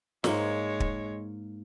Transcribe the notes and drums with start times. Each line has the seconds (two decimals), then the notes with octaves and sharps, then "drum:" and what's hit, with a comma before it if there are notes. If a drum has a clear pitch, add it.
0.24 G#2 G#3 A#3 C#5, drum: snare
0.80 drum: kick